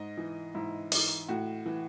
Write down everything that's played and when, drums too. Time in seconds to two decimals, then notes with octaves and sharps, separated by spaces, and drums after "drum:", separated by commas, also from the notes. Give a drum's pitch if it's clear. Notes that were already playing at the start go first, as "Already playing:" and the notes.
Already playing: G#2 D#5
0.18 E3
0.55 G#2 E4
0.92 E3 D#4, drum: open hi-hat
1.28 A2 F#4
1.66 E3